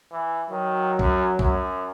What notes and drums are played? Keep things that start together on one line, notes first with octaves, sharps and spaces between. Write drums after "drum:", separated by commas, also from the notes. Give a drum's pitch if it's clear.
E3
D#3 F#3
F#2, drum: kick
F#2, drum: kick